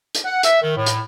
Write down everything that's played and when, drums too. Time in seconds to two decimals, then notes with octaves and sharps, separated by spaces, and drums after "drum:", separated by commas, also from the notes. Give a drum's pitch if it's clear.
0.15 drum: hi-hat
0.25 F#5
0.43 E5, drum: hi-hat
0.62 D#3
0.76 A2
0.86 drum: hi-hat